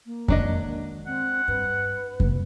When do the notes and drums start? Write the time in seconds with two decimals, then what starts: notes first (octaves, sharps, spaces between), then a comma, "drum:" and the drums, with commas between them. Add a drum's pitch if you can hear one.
0.06 A#3
0.28 D#3 F#3 G#3 D4 D#5, drum: kick F2
1.07 C4 F#5
1.48 G2 B4
2.20 C3 A#3, drum: kick F2